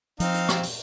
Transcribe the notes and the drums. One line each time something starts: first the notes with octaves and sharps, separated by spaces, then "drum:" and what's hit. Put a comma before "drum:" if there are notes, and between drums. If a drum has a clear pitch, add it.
F3 C4 D#4 F5, drum: hi-hat
drum: hi-hat
drum: rim click
drum: open hi-hat